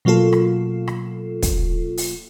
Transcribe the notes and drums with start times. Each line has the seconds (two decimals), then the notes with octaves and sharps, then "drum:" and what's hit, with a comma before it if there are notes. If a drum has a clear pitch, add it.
0.05 B2 F#3 A#3 F4 A4
0.33 drum: rim click
0.88 drum: rim click
1.43 drum: kick, hi-hat
1.97 drum: open hi-hat